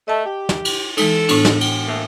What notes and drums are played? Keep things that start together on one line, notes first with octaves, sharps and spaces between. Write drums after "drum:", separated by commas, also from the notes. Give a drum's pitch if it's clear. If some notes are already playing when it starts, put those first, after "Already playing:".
A3 D#5 A5
G4
drum: snare
drum: cymbal
E3 G#3 D#4 A4, drum: cymbal
A2 B3 D4, drum: cymbal
drum: snare
drum: cymbal
A3 A#3